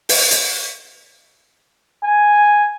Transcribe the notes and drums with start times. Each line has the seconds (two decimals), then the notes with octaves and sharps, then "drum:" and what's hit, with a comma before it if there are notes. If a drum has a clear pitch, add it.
0.09 drum: open hi-hat
0.31 drum: hi-hat
2.04 G#5